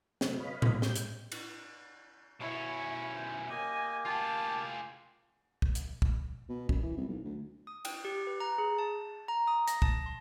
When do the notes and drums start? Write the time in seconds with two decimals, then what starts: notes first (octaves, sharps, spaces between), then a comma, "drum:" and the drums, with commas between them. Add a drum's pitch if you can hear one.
0.21 C3 F#3 A3 C4, drum: snare
0.40 B4 C#5 D#5 F5 B5
0.62 drum: tom A2
0.82 G#2 G4 G6, drum: snare
0.96 drum: hi-hat
1.32 drum: cymbal
2.41 B2 C#4 E4 C#5
3.14 C5
3.49 A#3 G4 D#5 G#5
4.05 F4 G#4 G5 A5
5.62 drum: kick
5.75 drum: hi-hat
6.02 drum: kick
6.49 B2
6.69 F#2, drum: kick
6.83 E3
6.97 C2
7.08 B1
7.24 D2
7.67 D#6
7.85 G5, drum: cymbal
8.05 G4
8.27 B4
8.40 A#5
8.58 G#4
8.79 A5
9.28 A#5
9.47 D#6
9.68 A#6, drum: hi-hat
9.82 A5, drum: kick
10.06 C6